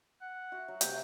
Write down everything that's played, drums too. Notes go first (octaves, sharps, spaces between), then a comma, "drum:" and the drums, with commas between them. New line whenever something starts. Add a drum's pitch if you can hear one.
F#5
F#4 E5
F#3
C3 A3 A#3 G5, drum: hi-hat